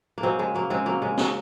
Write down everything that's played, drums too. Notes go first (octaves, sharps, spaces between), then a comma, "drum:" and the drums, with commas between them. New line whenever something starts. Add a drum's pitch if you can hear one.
A#3
F#3 G#3 C4
C#3 G#3
F#3 A#3
C#3 G#3 C4
F#3 A#3
C#3 G#3
F#3, drum: snare